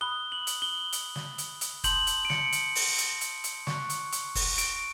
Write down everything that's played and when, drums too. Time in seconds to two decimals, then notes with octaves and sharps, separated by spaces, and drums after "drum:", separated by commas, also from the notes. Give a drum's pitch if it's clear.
0.01 B5 D#6 F#6 G7
0.32 F#7
0.47 drum: hi-hat
0.62 G7
0.93 drum: hi-hat
1.15 drum: snare
1.38 drum: hi-hat
1.61 drum: hi-hat
1.84 A5 C6 D#6 G6 F#7, drum: kick, hi-hat
2.07 drum: hi-hat
2.25 D7
2.30 C#7, drum: snare
2.53 drum: hi-hat
2.75 drum: open hi-hat
2.98 drum: hi-hat
3.21 drum: hi-hat
3.44 drum: hi-hat
3.67 C#6 F#6, drum: snare
3.90 drum: hi-hat
4.13 drum: hi-hat
4.35 drum: kick, open hi-hat
4.58 D7, drum: hi-hat